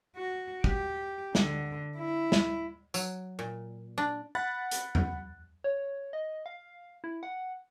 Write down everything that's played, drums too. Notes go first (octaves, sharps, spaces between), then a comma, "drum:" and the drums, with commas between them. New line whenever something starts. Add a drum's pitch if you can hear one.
F#4
G4, drum: kick
D3, drum: snare
E4
drum: snare
F#3, drum: tambourine
A#2
D4
F#5 B5 F#6 A6
drum: hi-hat
drum: tom E2
C#5
D#5
F5
E4
F#5